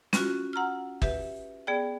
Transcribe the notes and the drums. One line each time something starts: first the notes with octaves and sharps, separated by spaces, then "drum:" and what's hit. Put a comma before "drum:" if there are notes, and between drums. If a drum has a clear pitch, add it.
C#4 F4 F#4, drum: snare
F#5 A#5 E6 F6
G4 B4 E5, drum: kick G1
B3 G#4 D5 G5